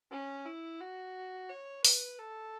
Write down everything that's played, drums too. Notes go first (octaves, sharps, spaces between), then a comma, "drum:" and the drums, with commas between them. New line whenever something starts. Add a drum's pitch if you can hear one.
C#4
E4
F#4
C#5
B4, drum: open hi-hat
A4